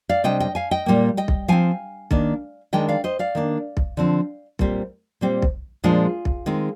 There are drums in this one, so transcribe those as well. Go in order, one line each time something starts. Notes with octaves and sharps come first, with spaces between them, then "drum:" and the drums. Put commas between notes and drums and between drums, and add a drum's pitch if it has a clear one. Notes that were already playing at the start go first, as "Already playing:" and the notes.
D5 F5
C3 G3 D4 D#5 G5
D#5 G5
F5 G#5
D#5 G5
A#2 G3 A#3
D#5 G5
drum: kick B1
F3 C4 F5 G#5
D#3 A#3 D4, drum: kick B1
D#3 G#3 D4 D#5 G5
D5 F5
C5 D#5
D5 F5
D#3 A#3 D4
drum: kick B1
D3 F3 C4
A#2 G3 C4, drum: kick B1
A#2 G3 C4
drum: kick B1
A#2 F3 G#3 D4 F4 G#4
drum: kick B1
D#3 G#3 C4